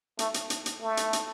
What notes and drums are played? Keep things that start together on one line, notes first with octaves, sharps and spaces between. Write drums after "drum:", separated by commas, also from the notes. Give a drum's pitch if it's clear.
A3, drum: hi-hat
drum: hi-hat
drum: hi-hat
drum: hi-hat
A3
drum: hi-hat
drum: hi-hat